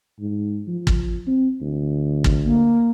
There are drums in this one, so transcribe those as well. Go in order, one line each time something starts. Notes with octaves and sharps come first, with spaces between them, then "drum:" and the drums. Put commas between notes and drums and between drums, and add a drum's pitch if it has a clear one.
G#2
F3
drum: kick
C4
D2
drum: kick
A#3